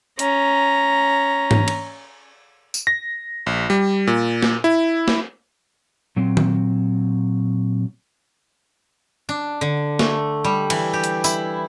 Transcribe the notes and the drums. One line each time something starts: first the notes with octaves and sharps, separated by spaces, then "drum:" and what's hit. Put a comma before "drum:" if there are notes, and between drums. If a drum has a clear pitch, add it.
C#4 A#5, drum: hi-hat
drum: tom G#2
drum: cymbal
drum: tambourine
A#6
A#1
G3
A#2
drum: snare
E4
drum: snare
A#2 F#3 C4
drum: tom D#3
D4
D3
A3, drum: snare
G3
E3, drum: cymbal
G4
drum: hi-hat
E4, drum: tambourine